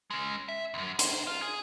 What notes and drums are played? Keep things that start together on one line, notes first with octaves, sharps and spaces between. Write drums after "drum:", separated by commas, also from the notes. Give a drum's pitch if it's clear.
G#3 C#4
E5
C#2 F#2
A2 C5, drum: hi-hat
F4
G#4